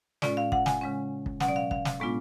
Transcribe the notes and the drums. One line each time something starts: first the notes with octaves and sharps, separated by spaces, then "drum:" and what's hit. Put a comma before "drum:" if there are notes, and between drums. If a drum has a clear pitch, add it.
A2 G#3 C#4 F4 D5, drum: snare
F5
F#5, drum: kick
G#5, drum: snare
C#3 G#3 C#4
drum: kick
B2 F#3 C#4 F#5, drum: snare
D5
F5
F5, drum: kick
drum: snare
A2 G#3 B3 D4 F4